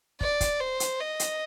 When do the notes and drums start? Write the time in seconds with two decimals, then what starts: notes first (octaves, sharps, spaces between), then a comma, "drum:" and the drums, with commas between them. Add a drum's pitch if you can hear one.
0.21 D5, drum: kick
0.41 drum: kick, hi-hat
0.60 C5
0.80 drum: hi-hat
1.00 D#5
1.20 drum: hi-hat